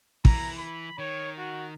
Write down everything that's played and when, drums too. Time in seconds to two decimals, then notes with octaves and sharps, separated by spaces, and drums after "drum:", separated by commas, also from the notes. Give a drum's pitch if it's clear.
0.25 E3 A#5, drum: kick
0.58 B5
0.99 D#3 C#5
1.38 F#4